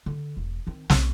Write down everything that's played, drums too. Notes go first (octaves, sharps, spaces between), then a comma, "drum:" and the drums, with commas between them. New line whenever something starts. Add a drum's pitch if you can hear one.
D3
E1
D#3 C4
B1 A3, drum: snare